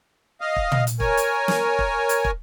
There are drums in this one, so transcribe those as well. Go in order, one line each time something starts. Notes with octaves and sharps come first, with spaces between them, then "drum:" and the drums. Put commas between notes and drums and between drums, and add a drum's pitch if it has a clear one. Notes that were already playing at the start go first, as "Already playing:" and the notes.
D#5 F5
drum: kick
drum: tom
drum: hi-hat
A#4 C#5 G#5, drum: kick
drum: hi-hat
drum: snare
drum: kick
drum: hi-hat
drum: kick